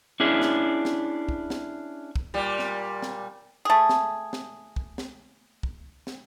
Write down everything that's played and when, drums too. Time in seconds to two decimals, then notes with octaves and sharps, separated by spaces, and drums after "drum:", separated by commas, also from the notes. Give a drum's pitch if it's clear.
0.20 C#4 D4 E4 G#4
0.42 drum: snare
0.85 drum: snare
1.29 drum: kick
1.50 drum: snare
2.16 drum: kick
2.34 A#2 G3
2.59 drum: snare
3.02 drum: snare
3.65 A3 G#4
3.89 drum: snare
4.33 drum: snare
4.76 drum: kick
4.98 drum: snare
5.63 drum: kick
6.07 drum: snare